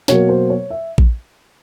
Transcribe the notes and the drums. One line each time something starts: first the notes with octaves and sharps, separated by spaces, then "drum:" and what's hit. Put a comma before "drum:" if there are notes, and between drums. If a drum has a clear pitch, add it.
B2 F#3 A#3 C#5, drum: snare
C5
C#5
E5
drum: kick A#1